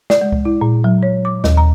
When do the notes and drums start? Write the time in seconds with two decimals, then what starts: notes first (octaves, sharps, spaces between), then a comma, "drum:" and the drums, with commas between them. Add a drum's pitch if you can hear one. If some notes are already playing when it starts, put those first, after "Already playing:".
0.10 D5, drum: snare
0.21 G#3
0.32 drum: kick C2
0.45 E4
0.61 A#2
0.84 F#3
1.03 C#5
1.25 D6
1.44 D#2, drum: snare
1.57 A#5